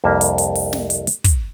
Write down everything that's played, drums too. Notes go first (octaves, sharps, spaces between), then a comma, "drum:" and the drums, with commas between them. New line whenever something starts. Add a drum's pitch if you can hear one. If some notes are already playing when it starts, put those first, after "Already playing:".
C2 F2 A#3 E5
drum: hi-hat
drum: hi-hat
drum: open hi-hat
drum: snare
drum: hi-hat
drum: hi-hat
drum: kick, hi-hat